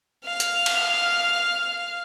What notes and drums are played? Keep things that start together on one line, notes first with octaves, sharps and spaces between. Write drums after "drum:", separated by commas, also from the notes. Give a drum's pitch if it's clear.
F5 F6
drum: hi-hat
drum: cymbal